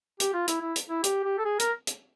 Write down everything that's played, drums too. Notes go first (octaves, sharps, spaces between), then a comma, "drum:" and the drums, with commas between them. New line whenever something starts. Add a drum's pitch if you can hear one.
G4, drum: hi-hat
F4
E4, drum: hi-hat
E4
drum: hi-hat
E4
G4, drum: hi-hat
G4
A4
G#4
A#4, drum: hi-hat
drum: hi-hat